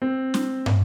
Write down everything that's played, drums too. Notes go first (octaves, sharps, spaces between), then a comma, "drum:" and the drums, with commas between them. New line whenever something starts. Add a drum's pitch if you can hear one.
C4
drum: snare
drum: tom